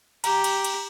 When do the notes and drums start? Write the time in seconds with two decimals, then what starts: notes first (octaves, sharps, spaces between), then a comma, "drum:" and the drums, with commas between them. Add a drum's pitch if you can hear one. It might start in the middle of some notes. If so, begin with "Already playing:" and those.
0.24 G4 A#5, drum: cymbal
0.44 drum: cymbal
0.64 drum: cymbal